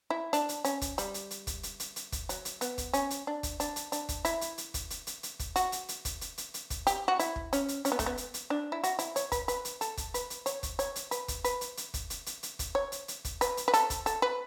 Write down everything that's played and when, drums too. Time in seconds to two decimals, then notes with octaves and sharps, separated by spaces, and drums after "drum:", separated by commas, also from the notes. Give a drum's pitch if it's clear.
0.10 E4
0.33 D4, drum: hi-hat
0.49 drum: hi-hat
0.65 C#4, drum: hi-hat
0.81 drum: kick, hi-hat
0.98 G3, drum: hi-hat
1.14 drum: hi-hat
1.31 drum: hi-hat
1.47 drum: kick, hi-hat
1.63 drum: hi-hat
1.80 drum: hi-hat
1.96 drum: hi-hat
2.12 drum: kick, hi-hat
2.29 F#3, drum: hi-hat
2.45 drum: hi-hat
2.61 B3, drum: hi-hat
2.78 drum: kick, hi-hat
2.93 C#4, drum: hi-hat
3.10 drum: hi-hat
3.27 D4
3.43 drum: kick, hi-hat
3.60 D4, drum: hi-hat
3.76 drum: hi-hat
3.92 D4, drum: hi-hat
4.09 drum: kick, hi-hat
4.25 E4, drum: hi-hat
4.41 drum: hi-hat
4.58 drum: hi-hat
4.74 drum: kick, hi-hat
4.90 drum: hi-hat
5.07 drum: hi-hat
5.23 drum: hi-hat
5.39 drum: kick, hi-hat
5.56 F#4, drum: hi-hat
5.72 drum: hi-hat
5.89 drum: hi-hat
6.05 drum: kick, hi-hat
6.21 drum: hi-hat
6.38 drum: hi-hat
6.54 drum: hi-hat
6.70 drum: kick, hi-hat
6.87 G4, drum: hi-hat
7.08 F#4
7.19 E4, drum: hi-hat
7.36 drum: kick
7.53 C#4, drum: hi-hat
7.68 drum: hi-hat
7.85 C#4, drum: hi-hat
7.92 B3
7.99 A3, drum: kick, hi-hat
8.06 B3
8.17 drum: hi-hat
8.34 drum: hi-hat
8.50 D4
8.72 E4
8.84 F#4, drum: hi-hat
8.99 E4, drum: hi-hat
9.16 C#5, drum: hi-hat
9.32 B4, drum: kick, hi-hat
9.48 B4, drum: hi-hat
9.65 drum: hi-hat
9.81 A4, drum: hi-hat
9.97 drum: kick, hi-hat
10.14 B4, drum: hi-hat
10.30 drum: hi-hat
10.46 C#5, drum: hi-hat
10.63 drum: kick, hi-hat
10.79 C#5, drum: hi-hat
10.96 drum: hi-hat
11.11 B4, drum: hi-hat
11.28 drum: kick, hi-hat
11.44 B4, drum: hi-hat
11.61 drum: hi-hat
11.77 drum: hi-hat
11.94 drum: kick, hi-hat
12.10 drum: hi-hat
12.26 drum: hi-hat
12.43 drum: hi-hat
12.59 drum: kick, hi-hat
12.75 C#5
12.92 drum: hi-hat
13.08 drum: hi-hat
13.25 drum: kick, hi-hat
13.41 B4, drum: hi-hat
13.57 drum: hi-hat
13.68 B4
13.74 A4, drum: hi-hat
13.90 drum: kick, hi-hat
14.06 A4, drum: hi-hat
14.22 B4